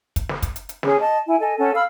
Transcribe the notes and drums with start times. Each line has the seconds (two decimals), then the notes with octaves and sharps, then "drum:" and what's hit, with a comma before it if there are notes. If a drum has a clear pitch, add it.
0.16 drum: kick, hi-hat
0.29 drum: snare
0.42 drum: kick, hi-hat
0.56 drum: hi-hat
0.69 drum: hi-hat
0.83 C#4 G#4, drum: snare
1.00 D#5 A5
1.27 E4 G#5
1.40 A4 D#5 G#5
1.58 C#4 A4 F#5 G#5
1.75 F5 B5 E6 F6